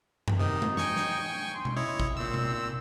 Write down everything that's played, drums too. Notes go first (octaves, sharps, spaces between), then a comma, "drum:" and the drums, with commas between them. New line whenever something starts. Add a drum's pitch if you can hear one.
drum: tom F#2
C3 D#3 D#4
drum: tom G#3
G5 G#5 C#6, drum: snare
drum: snare
C6
drum: tom B2
E4 C#5 D#5
drum: kick
A#2 C4 E6
drum: tom B2